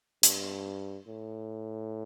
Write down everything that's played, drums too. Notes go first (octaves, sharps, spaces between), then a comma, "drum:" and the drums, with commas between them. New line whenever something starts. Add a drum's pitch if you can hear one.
G2, drum: hi-hat
A2